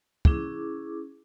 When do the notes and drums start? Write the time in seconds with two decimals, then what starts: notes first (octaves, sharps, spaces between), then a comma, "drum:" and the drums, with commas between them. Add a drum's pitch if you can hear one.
0.25 C#4 E4 G#4 D6, drum: kick